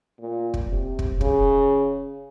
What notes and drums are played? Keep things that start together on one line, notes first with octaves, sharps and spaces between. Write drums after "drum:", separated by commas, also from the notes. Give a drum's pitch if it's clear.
A#2
drum: kick
C3
drum: kick
C#3, drum: kick